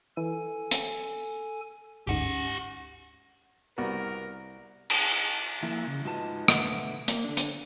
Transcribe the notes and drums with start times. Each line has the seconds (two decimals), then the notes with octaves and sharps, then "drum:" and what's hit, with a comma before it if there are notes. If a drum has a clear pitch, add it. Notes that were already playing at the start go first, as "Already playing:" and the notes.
0.17 E3 A4 G#5
0.71 drum: hi-hat
2.07 G1 D2 G#2 C#4 G4 F#5
3.78 C2 B3 F#4 A#4
4.90 drum: cymbal
5.63 F3 A#3 E4 E5
5.87 C#3
6.05 G#2 D#4 F4 F#4 B4 A5
6.48 B2 D3 A3 B4 E5 F#5, drum: rim click
7.08 A#3, drum: hi-hat
7.24 D3 D4
7.37 drum: hi-hat